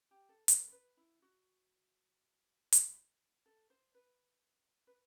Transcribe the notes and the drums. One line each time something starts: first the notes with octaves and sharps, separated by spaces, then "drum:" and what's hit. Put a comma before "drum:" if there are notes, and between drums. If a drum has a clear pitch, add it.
G4
A4
B4, drum: hi-hat
A4
B4
E4
F#4
drum: hi-hat
A4
C5
B4
B4